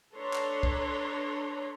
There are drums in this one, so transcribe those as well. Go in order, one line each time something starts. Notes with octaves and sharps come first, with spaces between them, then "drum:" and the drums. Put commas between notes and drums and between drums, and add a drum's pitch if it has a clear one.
D4 A4 B4 C#5 A#5 C6
drum: clap
drum: kick